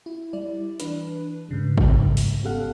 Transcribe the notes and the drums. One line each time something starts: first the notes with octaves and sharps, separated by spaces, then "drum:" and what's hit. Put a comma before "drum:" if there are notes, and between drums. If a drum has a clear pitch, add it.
E4
G3 E4 D5
E3 D4 B4, drum: hi-hat
G#2 C#3 G3
drum: kick G#1
drum: open hi-hat
B3 C#4 G4 A4 F5 F#5